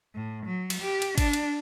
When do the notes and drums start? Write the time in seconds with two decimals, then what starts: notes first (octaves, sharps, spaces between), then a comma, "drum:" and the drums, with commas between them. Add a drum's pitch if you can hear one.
0.15 A2
0.45 F#3
0.70 drum: cymbal
0.81 G4
1.02 drum: cymbal
1.18 D4, drum: kick G#1, cymbal
1.33 drum: cymbal